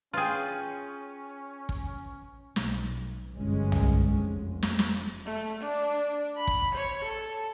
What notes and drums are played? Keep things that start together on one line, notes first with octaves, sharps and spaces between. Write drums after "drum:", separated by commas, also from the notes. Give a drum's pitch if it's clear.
C#4 F4 G#4 B4 G5
drum: kick
B1, drum: snare
G1 F#2 G#3 C#4
drum: tom
F1
drum: snare
drum: snare
A3
D4
B5
drum: kick
C#5
A4